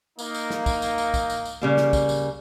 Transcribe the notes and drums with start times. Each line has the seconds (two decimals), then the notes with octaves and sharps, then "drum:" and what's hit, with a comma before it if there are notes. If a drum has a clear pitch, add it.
0.19 A#3 D#4, drum: tambourine
0.35 drum: tambourine
0.50 drum: snare
0.66 drum: kick, tambourine
0.82 drum: tambourine
0.98 drum: tambourine
1.14 drum: kick, tambourine
1.30 drum: tambourine
1.45 drum: tambourine
1.62 C#3 G3 A#3
1.77 drum: snare
1.93 drum: kick, tambourine
2.09 drum: tambourine